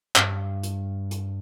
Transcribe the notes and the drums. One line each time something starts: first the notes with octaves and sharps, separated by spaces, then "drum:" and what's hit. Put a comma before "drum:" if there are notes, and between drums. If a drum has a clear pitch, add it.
G2, drum: clap
drum: hi-hat
drum: hi-hat